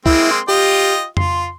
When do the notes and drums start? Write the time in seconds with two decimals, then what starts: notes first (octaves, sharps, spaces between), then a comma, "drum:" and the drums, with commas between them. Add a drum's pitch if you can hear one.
0.06 G#3 A#3 C4 E4, drum: kick
0.31 C6
0.49 F4 G4 D#5 G5
1.17 F4 C6, drum: tom F2